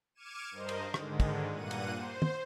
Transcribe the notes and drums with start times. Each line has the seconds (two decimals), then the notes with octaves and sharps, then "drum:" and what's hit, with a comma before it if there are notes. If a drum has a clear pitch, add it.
0.15 D6 F6 G#6 C#7 D#7 E7
0.51 G2 A#4 C5 D#5
0.69 drum: cymbal
0.94 G#2 D3 D#3 G#3, drum: rim click
1.20 drum: kick, cymbal
1.50 G2 A#2 A#3 F#5 D#7
1.71 drum: cymbal
1.92 C5
2.22 drum: tom